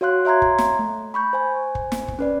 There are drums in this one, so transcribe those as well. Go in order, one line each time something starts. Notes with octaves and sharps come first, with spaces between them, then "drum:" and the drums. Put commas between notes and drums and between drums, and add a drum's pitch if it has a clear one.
F#4 C#5 F5 C6 F#6
C#5 E5 A#5 C6 G#6
drum: kick
drum: snare
A3
B5 C#6 G6
C5 G#5
drum: kick
drum: snare
drum: kick
C#4 B4 D5